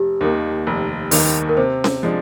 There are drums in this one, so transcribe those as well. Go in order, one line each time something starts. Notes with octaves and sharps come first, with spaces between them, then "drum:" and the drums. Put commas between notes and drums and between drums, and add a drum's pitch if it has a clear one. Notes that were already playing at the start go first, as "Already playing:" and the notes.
Already playing: F1 G4
D#2 D#3 A#3
F1
D#2 D#3 A#3, drum: open hi-hat
A#4
C3 C5
drum: snare C#4
F3 G#3 D4